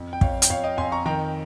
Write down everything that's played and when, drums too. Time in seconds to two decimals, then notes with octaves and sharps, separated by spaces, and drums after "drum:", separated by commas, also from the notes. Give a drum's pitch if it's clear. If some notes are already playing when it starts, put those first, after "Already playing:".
Already playing: F2
0.13 G5
0.21 F2 C#5 F5, drum: kick
0.42 G5, drum: hi-hat
0.50 F2 C#5 F5
0.64 D#5 G5
0.78 F2 G#5 C6
0.92 A#5 C#6
1.06 D#3 G5 A#5